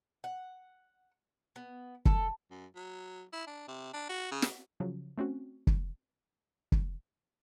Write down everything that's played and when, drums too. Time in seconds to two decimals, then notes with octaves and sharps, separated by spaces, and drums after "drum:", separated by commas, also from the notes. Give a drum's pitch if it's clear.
0.24 F#5
1.56 B3
2.05 A4, drum: kick
2.51 F#2
2.76 F#3
3.33 E4
3.47 D4
3.68 C3
3.93 D4
4.09 F#4
4.31 C#3
4.42 drum: snare
4.80 C#3 F3 F#3
5.18 A3 C4 C#4 F#4
5.67 drum: kick
6.72 drum: kick